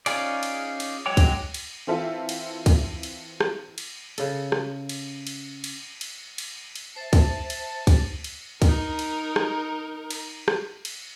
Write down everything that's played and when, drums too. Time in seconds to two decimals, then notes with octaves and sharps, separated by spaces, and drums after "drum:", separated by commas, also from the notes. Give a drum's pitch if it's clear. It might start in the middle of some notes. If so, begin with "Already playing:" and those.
0.06 C#4 D#4 F4 G#4 D5, drum: cymbal
0.43 drum: cymbal
0.80 drum: cymbal
1.06 F#3 G#3 C#5 G5 D6
1.17 drum: kick, cymbal
1.54 drum: cymbal
1.87 E3 C4 F4 A4 E5
2.29 drum: cymbal
2.66 drum: kick, cymbal
3.03 drum: cymbal
3.41 drum: rim click
3.78 drum: cymbal
4.18 C#3 A4, drum: cymbal
4.52 drum: rim click
4.89 drum: cymbal
5.27 drum: cymbal
5.64 drum: cymbal
6.01 drum: cymbal
6.38 drum: cymbal
6.76 drum: cymbal
6.96 C5 E5 A5
7.13 drum: kick, cymbal
7.50 drum: cymbal
7.87 drum: kick, cymbal
8.24 drum: cymbal
8.62 D#4 A#4, drum: kick, cymbal
8.99 drum: cymbal
9.36 drum: rim click
10.11 drum: cymbal
10.48 drum: rim click
10.85 drum: cymbal